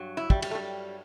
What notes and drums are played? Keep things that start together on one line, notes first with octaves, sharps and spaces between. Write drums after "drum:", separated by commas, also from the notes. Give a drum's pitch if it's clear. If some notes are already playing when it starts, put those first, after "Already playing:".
Already playing: G2 F#3
E4
G3, drum: kick
G3, drum: cymbal
A3
G3